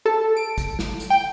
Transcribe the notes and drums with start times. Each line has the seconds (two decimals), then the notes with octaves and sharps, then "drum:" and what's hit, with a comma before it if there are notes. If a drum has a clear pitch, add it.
0.06 A4
0.37 D7
0.58 drum: kick, hi-hat
0.79 drum: snare
1.00 drum: hi-hat
1.10 G5